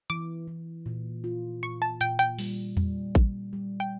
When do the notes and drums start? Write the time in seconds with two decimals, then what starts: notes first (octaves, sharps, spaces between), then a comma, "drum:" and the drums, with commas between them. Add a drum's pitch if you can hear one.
0.10 E3 D6
0.48 E3
0.86 A#2
1.24 F4
1.62 A#2 C#6
1.82 A5
2.01 A#2 G5, drum: hi-hat
2.19 G5, drum: hi-hat
2.39 G3, drum: open hi-hat
2.77 G3, drum: tom E2
3.15 G3, drum: kick A1
3.53 G3
3.80 G5